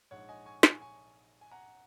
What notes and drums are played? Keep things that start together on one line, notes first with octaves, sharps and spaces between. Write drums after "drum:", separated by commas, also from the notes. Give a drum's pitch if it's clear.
A#1 G#2 G#3 D#4 C#5 F#5
D#5 G#5
G#5 C#6
G#5 C#6, drum: snare
G#5 C#6
G#5
F#5 A#5